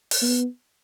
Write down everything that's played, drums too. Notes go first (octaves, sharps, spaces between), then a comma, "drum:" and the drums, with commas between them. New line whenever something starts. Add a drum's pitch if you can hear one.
drum: open hi-hat
B3